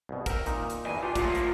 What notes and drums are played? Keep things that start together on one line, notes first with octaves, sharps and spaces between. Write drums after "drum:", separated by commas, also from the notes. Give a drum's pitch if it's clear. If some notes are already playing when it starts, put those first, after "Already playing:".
C2 B2
A#4 E5 G5, drum: kick, hi-hat
A#2 D#4, drum: hi-hat
drum: hi-hat
E2 G2 E3 G#5
D4 F4 G4
F#3 A3 F4, drum: kick, hi-hat
drum: hi-hat